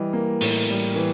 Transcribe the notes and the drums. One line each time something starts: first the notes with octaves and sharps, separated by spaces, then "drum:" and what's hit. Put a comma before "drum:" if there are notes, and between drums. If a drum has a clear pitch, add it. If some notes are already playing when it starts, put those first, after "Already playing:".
Already playing: E3 G3 D#5
A#3
A2, drum: open hi-hat
G3
E3